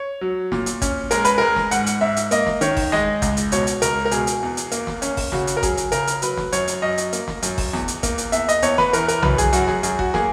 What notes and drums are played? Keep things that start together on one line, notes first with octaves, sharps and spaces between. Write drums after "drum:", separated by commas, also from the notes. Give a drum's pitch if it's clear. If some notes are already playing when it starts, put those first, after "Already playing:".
Already playing: C#5
F#3
A#2, drum: snare
drum: hi-hat
C#4, drum: kick G#1, hi-hat
G#3 A#4, drum: hi-hat
B4, drum: hi-hat
G#3 A#4
drum: snare
G#2 F#5, drum: hi-hat
drum: hi-hat
G#2 E5
drum: hi-hat
A#3 D#5, drum: hi-hat
drum: snare
D#3 C#5, drum: hi-hat
drum: kick G#1, open hi-hat
G#3 D#5, drum: snare
C#2, drum: kick G#1, hi-hat
drum: hi-hat
B2 C#5, drum: hi-hat
drum: hi-hat
C#2 A#4, drum: hi-hat
A#4
B2 G#4, drum: hi-hat
drum: hi-hat
E2
drum: hi-hat
A#3, drum: hi-hat
drum: snare
C#4, drum: hi-hat
drum: kick G#1, open hi-hat
C#3 F#4, drum: snare
drum: hi-hat
A#4
F#3 G#4, drum: kick G#1, hi-hat
drum: hi-hat
C#3 A#4, drum: hi-hat
drum: hi-hat
F#3 B4, drum: hi-hat
drum: snare
F#2 C#5, drum: hi-hat
drum: hi-hat
F#2 D#5
drum: hi-hat
A#3, drum: hi-hat
drum: snare
F#2, drum: hi-hat
drum: kick G#1, open hi-hat
E2, drum: snare
drum: hi-hat
A#3, drum: kick G#1, hi-hat
drum: hi-hat
E2 E5, drum: hi-hat
D#5, drum: hi-hat
E2 C#5, drum: hi-hat
B4, drum: snare
E3 A#4, drum: hi-hat
A#4, drum: hi-hat
F#2 B4, drum: tom B1
G#4, drum: hi-hat
F#2 F#4, drum: hi-hat
G#4, drum: snare
F#2 G#4, drum: hi-hat
F#4, drum: kick G#1
A#3 G#4, drum: snare